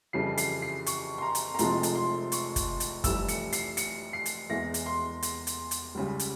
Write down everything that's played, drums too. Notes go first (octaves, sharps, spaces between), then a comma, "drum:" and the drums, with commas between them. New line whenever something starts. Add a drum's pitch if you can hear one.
F2 C#3 E3 G3 C7
C7, drum: hi-hat
C7
C#6, drum: hi-hat
C6
A#5
drum: hi-hat
A#5
F1 F2 C3 F3 G#3 C6, drum: hi-hat
drum: hi-hat
C6
C#6, drum: hi-hat
drum: kick, hi-hat
drum: hi-hat
F1 F2 E3 G3 E6, drum: kick, hi-hat
C#7, drum: hi-hat
C7, drum: hi-hat
C#7, drum: hi-hat
C7
drum: hi-hat
E2 E3 G#3 A#6
drum: hi-hat
C6
drum: hi-hat
drum: hi-hat
drum: hi-hat
C#2 C#3 G3
drum: hi-hat